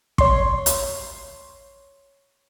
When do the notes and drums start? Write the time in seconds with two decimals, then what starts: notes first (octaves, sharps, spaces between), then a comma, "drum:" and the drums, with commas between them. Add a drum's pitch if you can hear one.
0.18 C#5 C6, drum: kick
0.66 drum: hi-hat